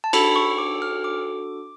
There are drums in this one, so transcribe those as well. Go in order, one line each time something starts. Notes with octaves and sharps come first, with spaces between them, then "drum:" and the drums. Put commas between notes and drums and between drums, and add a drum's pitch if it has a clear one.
A5
D4 F#4 A4 B5, drum: cymbal
C#6
D6
F6
D6